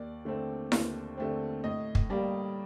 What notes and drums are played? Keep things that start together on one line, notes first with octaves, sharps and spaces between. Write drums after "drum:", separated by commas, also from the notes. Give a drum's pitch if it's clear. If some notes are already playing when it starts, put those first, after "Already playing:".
Already playing: D#2 D5
D3 A3 C4
D#2, drum: snare E4
D3 A3 C4
A2 D#5
drum: kick
G3 A#3 D5